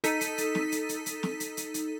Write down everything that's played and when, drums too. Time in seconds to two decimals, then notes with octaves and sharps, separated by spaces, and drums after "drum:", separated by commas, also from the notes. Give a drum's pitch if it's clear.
0.04 D#4 A4 B6 D#7, drum: hi-hat
0.21 drum: hi-hat
0.38 drum: hi-hat
0.55 drum: snare
0.72 drum: hi-hat
0.89 drum: hi-hat
1.06 drum: hi-hat
1.23 drum: snare
1.40 drum: hi-hat
1.57 drum: hi-hat
1.74 drum: hi-hat